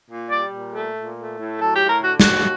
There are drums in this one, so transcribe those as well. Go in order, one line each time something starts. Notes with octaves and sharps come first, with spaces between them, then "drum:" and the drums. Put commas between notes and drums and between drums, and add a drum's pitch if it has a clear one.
A#2
G3 D5
A#2
A3
A#2
A3
A2
F#3 A4
G4
A2
A#4
D3 F#4
F#4, drum: snare
D#2